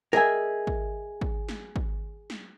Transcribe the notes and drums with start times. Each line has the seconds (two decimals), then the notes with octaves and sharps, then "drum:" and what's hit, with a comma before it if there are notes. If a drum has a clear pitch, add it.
0.13 G#4 A#4 D#5 E5 G#5
0.67 drum: kick
1.21 drum: kick
1.49 drum: snare
1.76 drum: kick
2.30 drum: snare